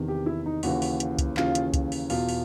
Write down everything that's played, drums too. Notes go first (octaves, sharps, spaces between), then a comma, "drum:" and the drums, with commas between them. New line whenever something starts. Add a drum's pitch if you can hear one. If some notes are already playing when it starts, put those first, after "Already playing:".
Already playing: E2 C3 D#3
G4
E4
D#4
D#2 C#3 E3 F#4, drum: open hi-hat
drum: open hi-hat
drum: hi-hat
drum: kick C2, hi-hat
D#2 C#3 E3 F4, drum: clap
drum: hi-hat
drum: kick C2, hi-hat
drum: open hi-hat
E2 B2 F4, drum: open hi-hat
drum: open hi-hat